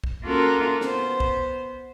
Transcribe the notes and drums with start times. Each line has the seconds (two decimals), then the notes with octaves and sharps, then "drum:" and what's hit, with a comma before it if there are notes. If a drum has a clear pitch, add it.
0.04 drum: kick
0.24 A#3 C#4 F4 F#4 A4 A#4
0.81 B3 C5, drum: snare
1.20 drum: kick